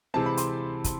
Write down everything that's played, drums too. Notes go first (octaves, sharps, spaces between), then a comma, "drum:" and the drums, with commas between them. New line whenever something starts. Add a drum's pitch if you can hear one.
C3 E3 G#3 C4 A5
B5
C6, drum: hi-hat
drum: kick, hi-hat